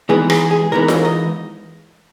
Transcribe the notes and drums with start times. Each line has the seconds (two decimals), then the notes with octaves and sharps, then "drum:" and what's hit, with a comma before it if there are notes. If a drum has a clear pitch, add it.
0.09 E3 G#3 B3 D#4 G#4
0.30 G#4, drum: rim click
0.51 G#4
0.72 E3 G#3 B3 D#4 A#4
0.88 A#4, drum: snare F4
1.05 D#5